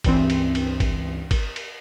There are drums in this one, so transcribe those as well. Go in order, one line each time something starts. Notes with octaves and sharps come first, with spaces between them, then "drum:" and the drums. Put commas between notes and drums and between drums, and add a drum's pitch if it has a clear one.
C#2 G2 E3 C4, drum: kick, cymbal
drum: cymbal
drum: cymbal
drum: kick, cymbal
drum: kick, cymbal
drum: cymbal